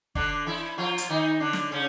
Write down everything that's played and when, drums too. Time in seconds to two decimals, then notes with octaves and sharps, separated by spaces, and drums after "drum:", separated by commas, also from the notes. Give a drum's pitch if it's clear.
0.15 D3 D4, drum: kick
0.47 E3 E4
0.78 F3 F4
0.98 drum: hi-hat
1.09 D#3 D#4
1.40 D3 D4
1.53 drum: snare
1.72 C#3 C#4